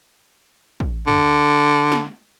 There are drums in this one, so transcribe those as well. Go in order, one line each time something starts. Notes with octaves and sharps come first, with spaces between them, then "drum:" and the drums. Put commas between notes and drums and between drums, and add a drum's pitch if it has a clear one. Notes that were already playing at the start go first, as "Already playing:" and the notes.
drum: kick
D3, drum: tom
drum: snare